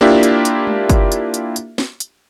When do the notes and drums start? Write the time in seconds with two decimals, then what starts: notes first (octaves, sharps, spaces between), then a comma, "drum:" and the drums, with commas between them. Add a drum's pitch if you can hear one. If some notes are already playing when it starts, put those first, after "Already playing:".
0.01 A#3 D4 E4 F4 G4 E5
0.23 drum: hi-hat
0.45 drum: hi-hat
0.67 drum: tom G#3
0.89 drum: kick, hi-hat
1.12 drum: hi-hat
1.34 drum: hi-hat
1.56 drum: hi-hat
1.78 drum: snare
2.00 drum: hi-hat